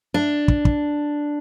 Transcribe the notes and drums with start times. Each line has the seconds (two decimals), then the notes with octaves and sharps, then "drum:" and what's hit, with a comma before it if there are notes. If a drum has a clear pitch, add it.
0.14 D4
0.48 drum: kick
0.65 drum: kick